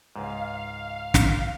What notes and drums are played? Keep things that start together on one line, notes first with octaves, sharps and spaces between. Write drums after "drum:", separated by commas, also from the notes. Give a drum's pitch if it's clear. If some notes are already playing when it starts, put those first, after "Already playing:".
C#2 G#2 F5
drum: snare